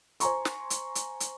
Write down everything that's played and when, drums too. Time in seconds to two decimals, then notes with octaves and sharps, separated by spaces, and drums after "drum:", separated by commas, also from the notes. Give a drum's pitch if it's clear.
0.20 C5 G#5 A#5 C6 C#6, drum: hi-hat
0.45 drum: snare
0.70 drum: hi-hat
0.95 drum: hi-hat
1.20 drum: hi-hat